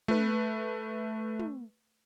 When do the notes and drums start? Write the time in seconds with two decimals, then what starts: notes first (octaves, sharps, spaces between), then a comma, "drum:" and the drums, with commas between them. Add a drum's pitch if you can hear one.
0.08 A3 B4, drum: tom
1.39 drum: tom